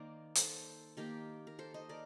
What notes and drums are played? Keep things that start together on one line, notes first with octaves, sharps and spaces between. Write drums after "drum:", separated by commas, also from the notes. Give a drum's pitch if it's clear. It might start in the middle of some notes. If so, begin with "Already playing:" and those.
Already playing: D#3 A#3 A#4 C5 D5
A4 C5, drum: hi-hat
D#3 A#3 G4 A#4
A#4
A4 C5
C5 D#5
A#4 D5